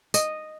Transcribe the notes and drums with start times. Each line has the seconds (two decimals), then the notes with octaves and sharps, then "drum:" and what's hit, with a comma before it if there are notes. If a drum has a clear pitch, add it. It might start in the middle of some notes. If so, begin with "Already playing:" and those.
0.14 D#5, drum: tambourine